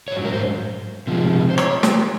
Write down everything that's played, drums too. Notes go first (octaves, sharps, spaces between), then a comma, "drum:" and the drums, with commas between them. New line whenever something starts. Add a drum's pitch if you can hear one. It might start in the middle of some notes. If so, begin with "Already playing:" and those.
G#2 F#3 C#5
A#4
C5
C3 F3 G#3
C5
C#5, drum: rim click
drum: snare